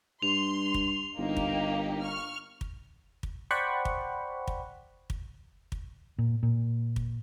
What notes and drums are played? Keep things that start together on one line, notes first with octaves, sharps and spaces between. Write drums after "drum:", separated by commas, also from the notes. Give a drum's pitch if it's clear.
G2 C6 F7
drum: kick
G1 A#3 D#4 G4
drum: kick
C#6 F6
drum: kick
drum: kick
C5 D5 F#5 G5 B5 C#6
drum: kick
drum: kick
drum: kick
drum: kick
A#2
A#2
drum: kick